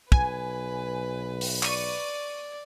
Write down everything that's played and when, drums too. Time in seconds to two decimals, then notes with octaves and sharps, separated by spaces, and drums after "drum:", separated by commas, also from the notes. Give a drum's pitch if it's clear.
0.12 B1 B4 G#5, drum: kick
1.41 drum: open hi-hat
1.63 D5 C#6 D#7, drum: clap